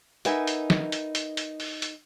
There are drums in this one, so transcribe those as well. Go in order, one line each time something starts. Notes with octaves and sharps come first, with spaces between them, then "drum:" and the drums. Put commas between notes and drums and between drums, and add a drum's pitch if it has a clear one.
D#4 A#4 B4 E5 F#5 G#5, drum: hi-hat
drum: hi-hat
drum: snare
drum: hi-hat
drum: hi-hat
drum: hi-hat
drum: open hi-hat
drum: hi-hat